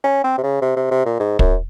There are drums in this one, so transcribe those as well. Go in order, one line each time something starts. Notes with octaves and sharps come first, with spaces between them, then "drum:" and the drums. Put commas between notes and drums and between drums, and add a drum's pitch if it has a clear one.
C#4
C4
C3
C#3
C3
C3
C3
A#2
G#2
F#2, drum: kick